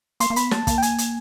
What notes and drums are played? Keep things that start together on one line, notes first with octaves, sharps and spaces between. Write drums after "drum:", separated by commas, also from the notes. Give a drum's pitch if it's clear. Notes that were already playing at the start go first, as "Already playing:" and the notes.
A#3 C6, drum: hi-hat
A#3
B3 B5, drum: hi-hat
A#3 A5, drum: snare
A#3, drum: kick, hi-hat
G5
G#5, drum: hi-hat
drum: hi-hat